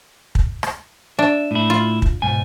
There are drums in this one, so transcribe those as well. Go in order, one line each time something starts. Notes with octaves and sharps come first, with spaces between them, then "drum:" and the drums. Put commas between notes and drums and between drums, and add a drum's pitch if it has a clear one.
drum: kick
drum: rim click
D4 E5
A2 E4
F4
drum: kick
B1 G#2 G#5